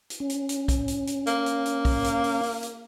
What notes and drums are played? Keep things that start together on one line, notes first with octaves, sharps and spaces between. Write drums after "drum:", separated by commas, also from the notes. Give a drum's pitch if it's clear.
drum: hi-hat
C#4
drum: hi-hat
drum: hi-hat
drum: kick, hi-hat
drum: hi-hat
drum: hi-hat
A#3, drum: hi-hat
drum: hi-hat
drum: hi-hat
drum: kick, open hi-hat
drum: hi-hat
drum: open hi-hat
drum: open hi-hat
drum: hi-hat